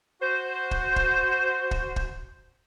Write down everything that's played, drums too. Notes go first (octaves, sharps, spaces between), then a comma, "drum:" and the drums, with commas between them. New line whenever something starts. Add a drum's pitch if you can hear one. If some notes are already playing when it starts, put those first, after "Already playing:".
F#4 C5
drum: kick
drum: kick
drum: kick
drum: kick